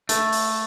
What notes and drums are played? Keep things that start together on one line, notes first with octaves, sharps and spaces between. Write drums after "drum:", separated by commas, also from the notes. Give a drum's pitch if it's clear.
A3, drum: hi-hat
drum: open hi-hat